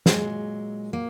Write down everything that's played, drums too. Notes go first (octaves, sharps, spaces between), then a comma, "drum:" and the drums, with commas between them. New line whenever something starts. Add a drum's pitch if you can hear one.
A#2 F#3 G#3, drum: snare
A#3